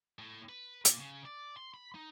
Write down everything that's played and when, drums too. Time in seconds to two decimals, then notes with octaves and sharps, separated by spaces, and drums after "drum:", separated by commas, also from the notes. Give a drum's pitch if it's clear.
0.19 A2
0.49 B4
0.85 A#2, drum: hi-hat
1.00 C#3
1.25 D5
1.57 C6
1.74 B5
1.95 D#4